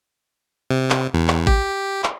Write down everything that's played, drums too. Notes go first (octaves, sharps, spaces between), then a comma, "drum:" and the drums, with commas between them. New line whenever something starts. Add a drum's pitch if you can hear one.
C3
drum: clap
E2
drum: clap
G4, drum: kick
drum: clap